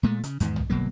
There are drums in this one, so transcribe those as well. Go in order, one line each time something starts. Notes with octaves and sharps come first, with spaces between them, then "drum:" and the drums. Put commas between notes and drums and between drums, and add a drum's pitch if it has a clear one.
A#2 G#3 A3
C#3, drum: hi-hat
E2 G#2 D#3, drum: hi-hat
drum: tom
G1 B2 F#3 A#3